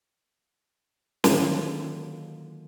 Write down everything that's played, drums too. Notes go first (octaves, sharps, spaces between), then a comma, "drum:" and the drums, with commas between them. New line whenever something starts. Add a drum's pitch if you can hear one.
D3 D#3 F#3 G#3 A#3 F4, drum: snare